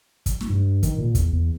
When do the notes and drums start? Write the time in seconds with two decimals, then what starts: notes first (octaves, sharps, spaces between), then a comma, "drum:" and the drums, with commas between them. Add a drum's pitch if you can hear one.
0.26 drum: kick, hi-hat
0.41 drum: snare
0.50 G2
0.83 D#3, drum: kick, hi-hat
0.98 A#2
1.15 E2, drum: kick, hi-hat
1.33 E2